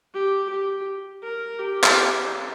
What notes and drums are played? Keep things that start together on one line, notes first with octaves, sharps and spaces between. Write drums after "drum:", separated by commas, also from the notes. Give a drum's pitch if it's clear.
G4
G4
A#4
G4
drum: clap